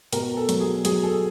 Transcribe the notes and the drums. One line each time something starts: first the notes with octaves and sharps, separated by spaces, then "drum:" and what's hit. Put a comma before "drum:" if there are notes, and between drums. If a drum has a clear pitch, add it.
B2 A#4, drum: hi-hat
A4
F#3, drum: hi-hat
G#4
F#3 G#4, drum: hi-hat
A4